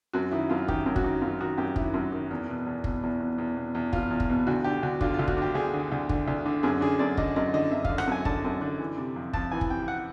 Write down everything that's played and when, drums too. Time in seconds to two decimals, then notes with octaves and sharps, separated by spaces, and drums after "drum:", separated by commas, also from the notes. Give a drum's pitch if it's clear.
0.13 F#2 F#4
0.31 D#3 E4
0.50 F#2 F4
0.68 D#3 G4, drum: kick
0.86 F#2
0.96 F#4, drum: kick
1.04 D#3
1.22 F#2 F4
1.41 D#3 F#4
1.58 F#2 G4
1.76 D#3 E4, drum: kick
1.94 F#2
2.12 D#3
2.31 E2
2.49 B2
2.66 E2
2.84 B2, drum: kick
3.03 E2
3.20 B2
3.38 E2
3.57 B2
3.75 E2
3.93 B2 F4, drum: kick
4.10 E2
4.20 drum: kick
4.30 B2
4.47 D2 F#4
4.64 D3 G4
4.83 D2 F#4
5.01 D3 F4, drum: kick
5.14 F4
5.19 D2
5.28 F#4, drum: kick
5.37 D3
5.42 G4
5.55 D2 G#4
5.73 D3
5.92 D2
6.09 D3, drum: kick
6.28 D2
6.45 D3
6.63 F#2 G#4
6.81 D3 G#4
6.99 F#2 D5
7.17 D3 D#5, drum: kick
7.36 F#2 D#5
7.53 D3 D#5
7.71 F#2 E5
7.85 F5, drum: kick
7.89 D3
7.98 F#5, drum: rim click
8.07 F#2 G#5
8.25 D3 A5, drum: kick
8.44 F#2
8.61 D3
8.80 E3
8.98 C3
9.16 F2
9.33 F2 A5, drum: kick
9.51 E3 G#5
9.61 drum: kick
9.70 C3 G5
9.88 F#5